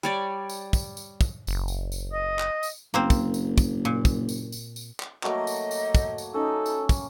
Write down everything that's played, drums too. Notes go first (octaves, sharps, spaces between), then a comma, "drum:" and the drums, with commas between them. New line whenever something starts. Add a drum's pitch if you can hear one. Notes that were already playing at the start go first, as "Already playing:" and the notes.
G3 C#5 D5
drum: tambourine
drum: kick, tambourine
drum: tambourine
drum: kick, tambourine
F#1, drum: tambourine
drum: tambourine
drum: tambourine
D#5
drum: clap
drum: tambourine
F#1 A#3 C4 C5
drum: kick, tambourine
drum: tambourine
drum: kick, tambourine
A#2
drum: kick, tambourine
drum: tambourine
drum: tambourine
drum: tambourine
drum: clap
F#3 A3 A#3 D#5, drum: clap
drum: tambourine
drum: tambourine
drum: kick, tambourine
drum: tambourine
C#4 D#4 A4
drum: tambourine
drum: kick, tambourine